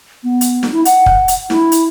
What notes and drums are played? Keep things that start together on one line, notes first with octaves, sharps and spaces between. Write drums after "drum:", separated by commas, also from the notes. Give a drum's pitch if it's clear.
B3
drum: hi-hat
drum: snare
E4
F#5, drum: hi-hat
drum: kick
drum: hi-hat
E4, drum: snare
drum: hi-hat